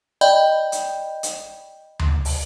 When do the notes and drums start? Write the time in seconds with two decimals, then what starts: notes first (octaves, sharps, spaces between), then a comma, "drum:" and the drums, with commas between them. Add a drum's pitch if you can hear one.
0.21 D5 D#5 G5 B5 G6
0.72 drum: hi-hat
1.23 drum: hi-hat
1.99 drum: tom D2
2.25 drum: open hi-hat